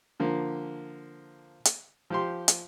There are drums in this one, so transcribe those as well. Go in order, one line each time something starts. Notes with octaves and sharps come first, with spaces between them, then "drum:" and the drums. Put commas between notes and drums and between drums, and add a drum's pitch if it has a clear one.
D3 F3 A#3
drum: hi-hat
F3 G4 C6
drum: hi-hat